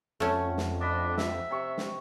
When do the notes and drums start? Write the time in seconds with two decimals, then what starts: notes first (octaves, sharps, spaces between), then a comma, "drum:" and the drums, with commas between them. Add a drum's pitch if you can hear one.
0.20 F2 A3 C#4 F#5
0.57 drum: snare
0.81 D4 D#5 B5
1.18 E5, drum: snare
1.51 C3 C#6
1.78 drum: snare